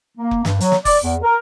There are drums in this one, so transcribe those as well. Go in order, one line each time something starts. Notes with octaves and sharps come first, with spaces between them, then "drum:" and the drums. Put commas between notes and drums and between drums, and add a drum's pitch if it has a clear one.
A#3
drum: kick F1
G2, drum: snare
F#3, drum: hi-hat
drum: snare
D5, drum: kick F1, open hi-hat
E2
A#4